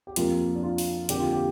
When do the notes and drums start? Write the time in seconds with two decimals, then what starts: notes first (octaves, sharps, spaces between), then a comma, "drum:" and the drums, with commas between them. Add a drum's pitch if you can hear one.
0.07 G4
0.16 F2 F3 A#3 F4, drum: hi-hat
0.55 D4
0.63 F4
0.78 drum: open hi-hat
1.09 F2 D3 A#3 G4, drum: hi-hat
1.20 F4
1.32 G4